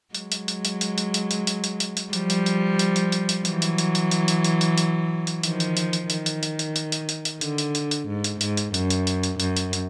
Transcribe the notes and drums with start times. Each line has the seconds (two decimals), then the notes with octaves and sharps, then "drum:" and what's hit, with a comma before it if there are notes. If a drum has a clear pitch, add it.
0.15 F#3 G#3, drum: hi-hat
0.32 drum: hi-hat
0.48 drum: hi-hat
0.65 drum: hi-hat
0.81 drum: hi-hat
0.98 drum: hi-hat
1.14 drum: hi-hat
1.31 drum: hi-hat
1.47 drum: hi-hat
1.64 drum: hi-hat
1.80 drum: hi-hat
1.97 drum: hi-hat
2.13 F3 G3, drum: hi-hat
2.30 drum: hi-hat
2.46 drum: hi-hat
2.79 drum: hi-hat
2.96 drum: hi-hat
3.12 drum: hi-hat
3.29 drum: hi-hat
3.45 E3 F#3, drum: hi-hat
3.62 drum: hi-hat
3.78 drum: hi-hat
3.95 drum: hi-hat
4.11 drum: hi-hat
4.28 drum: hi-hat
4.44 drum: hi-hat
4.61 drum: hi-hat
4.78 drum: hi-hat
5.27 drum: hi-hat
5.43 D#3 F3, drum: hi-hat
5.60 drum: hi-hat
5.77 drum: hi-hat
5.93 drum: hi-hat
6.10 D#3, drum: hi-hat
6.26 drum: hi-hat
6.43 drum: hi-hat
6.59 drum: hi-hat
6.76 drum: hi-hat
6.92 drum: hi-hat
7.09 drum: hi-hat
7.25 drum: hi-hat
7.41 D3, drum: hi-hat
7.58 drum: hi-hat
7.75 drum: hi-hat
7.91 drum: hi-hat
8.08 G#2
8.24 drum: hi-hat
8.41 G#2, drum: hi-hat
8.57 drum: hi-hat
8.74 F#2, drum: hi-hat
8.90 drum: hi-hat
9.07 drum: hi-hat
9.23 drum: hi-hat
9.40 F#2, drum: hi-hat
9.57 drum: hi-hat
9.73 drum: hi-hat